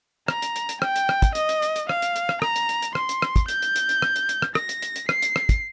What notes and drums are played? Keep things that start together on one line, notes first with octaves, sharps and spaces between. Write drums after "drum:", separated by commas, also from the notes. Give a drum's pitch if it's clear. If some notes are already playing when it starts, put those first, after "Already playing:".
A#5, drum: rim click
drum: hi-hat
drum: hi-hat
drum: hi-hat
G5, drum: rim click
drum: hi-hat
drum: rim click
drum: kick, hi-hat
D#5, drum: hi-hat
drum: hi-hat
drum: hi-hat
drum: hi-hat
F5, drum: rim click
drum: hi-hat
drum: hi-hat
drum: rim click
A#5, drum: rim click
drum: hi-hat
drum: hi-hat
drum: hi-hat
C6, drum: rim click
drum: hi-hat
drum: rim click
drum: kick, hi-hat
G6, drum: hi-hat
drum: hi-hat
drum: hi-hat
drum: hi-hat
drum: rim click
drum: hi-hat
drum: hi-hat
drum: rim click
A#6, drum: rim click
drum: hi-hat
drum: hi-hat
drum: hi-hat
C7, drum: rim click
drum: hi-hat
drum: rim click
drum: kick, hi-hat